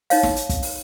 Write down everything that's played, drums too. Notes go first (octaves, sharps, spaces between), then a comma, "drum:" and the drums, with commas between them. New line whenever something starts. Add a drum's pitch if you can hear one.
D#4 C#5 F5, drum: open hi-hat
drum: snare
drum: hi-hat
drum: kick, hi-hat
drum: open hi-hat